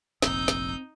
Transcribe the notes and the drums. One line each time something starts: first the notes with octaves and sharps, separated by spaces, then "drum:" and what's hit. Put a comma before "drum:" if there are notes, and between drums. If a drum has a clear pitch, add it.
F1 A#1 C4 D#4 E6 G6, drum: snare
drum: snare